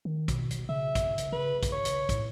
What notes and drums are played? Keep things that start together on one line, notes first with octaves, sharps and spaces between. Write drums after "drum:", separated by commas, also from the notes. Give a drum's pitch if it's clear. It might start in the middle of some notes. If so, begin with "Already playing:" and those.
D#3
B2, drum: kick, hi-hat
drum: hi-hat
C#3 E5
drum: kick, hi-hat
drum: hi-hat
C#3 B4
drum: kick, hi-hat
C#5
drum: hi-hat
A2, drum: kick, hi-hat